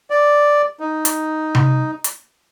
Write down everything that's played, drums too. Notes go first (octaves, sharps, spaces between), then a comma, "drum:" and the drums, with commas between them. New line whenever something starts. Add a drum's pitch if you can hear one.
D5
D#4
drum: hi-hat
drum: tom C3
drum: hi-hat